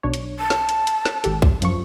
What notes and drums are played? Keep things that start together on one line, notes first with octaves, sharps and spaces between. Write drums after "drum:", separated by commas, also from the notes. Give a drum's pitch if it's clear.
B1 D4 C#5
drum: hi-hat
A5
drum: snare
drum: hi-hat
drum: hi-hat
drum: snare
G#1 G4 A4, drum: hi-hat
drum: kick B1
F#2 F3 C#6, drum: hi-hat